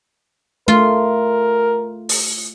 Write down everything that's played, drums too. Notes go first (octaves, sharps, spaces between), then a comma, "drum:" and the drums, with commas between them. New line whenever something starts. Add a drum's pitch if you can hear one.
A3 F4 A#4
drum: open hi-hat